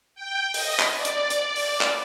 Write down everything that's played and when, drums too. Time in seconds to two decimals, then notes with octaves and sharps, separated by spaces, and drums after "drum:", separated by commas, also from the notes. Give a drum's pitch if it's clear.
0.15 G5
0.54 D#5, drum: open hi-hat
0.80 drum: clap
0.94 D5
1.05 drum: hi-hat
1.30 drum: hi-hat
1.56 drum: open hi-hat
1.81 drum: clap